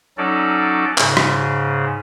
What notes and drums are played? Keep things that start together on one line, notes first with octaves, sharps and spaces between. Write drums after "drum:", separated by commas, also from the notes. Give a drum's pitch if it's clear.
F#3 C#4 D#4 A4 D5
G#2 C#3, drum: clap
drum: rim click